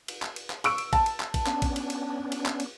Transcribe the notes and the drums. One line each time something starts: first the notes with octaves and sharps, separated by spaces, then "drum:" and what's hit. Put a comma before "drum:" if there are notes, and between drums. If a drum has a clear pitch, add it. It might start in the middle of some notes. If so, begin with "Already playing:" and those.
drum: cymbal
drum: clap
drum: cymbal
drum: clap
C#6 E6 D7, drum: cymbal
drum: cymbal
A5, drum: kick, cymbal
drum: cymbal
drum: clap
drum: kick, cymbal
B3 C#4 D4, drum: clap
drum: kick, cymbal
drum: cymbal
drum: cymbal
drum: cymbal
drum: clap
drum: cymbal